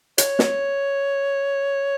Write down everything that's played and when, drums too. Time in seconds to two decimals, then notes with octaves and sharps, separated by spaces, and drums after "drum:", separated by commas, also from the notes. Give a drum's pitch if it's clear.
0.18 C#5, drum: hi-hat
0.39 drum: snare